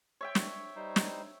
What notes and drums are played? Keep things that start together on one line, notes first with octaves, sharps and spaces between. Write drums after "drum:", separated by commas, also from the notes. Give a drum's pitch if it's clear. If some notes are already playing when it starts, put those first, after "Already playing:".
C#5 E5 G5
drum: snare
G3 D#4 C5
drum: snare